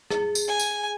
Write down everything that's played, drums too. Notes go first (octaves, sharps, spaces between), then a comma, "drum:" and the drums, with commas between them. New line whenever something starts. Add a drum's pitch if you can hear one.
G#4, drum: rim click
drum: tambourine
G#5
drum: tambourine